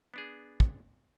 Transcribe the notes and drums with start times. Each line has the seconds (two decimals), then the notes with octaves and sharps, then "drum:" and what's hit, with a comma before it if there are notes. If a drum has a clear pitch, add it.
0.14 B3 D4 G#4
0.60 drum: kick